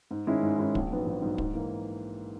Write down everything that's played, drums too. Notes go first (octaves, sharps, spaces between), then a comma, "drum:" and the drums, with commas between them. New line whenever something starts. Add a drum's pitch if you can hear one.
G#2
D#3 G#3 C#4 E4
G#2
D#3 G#3 C#4 E4
A#1, drum: kick
G#2 F#3 B3
A#1
G#2 F#3 B3
G#2, drum: kick
E3 A#3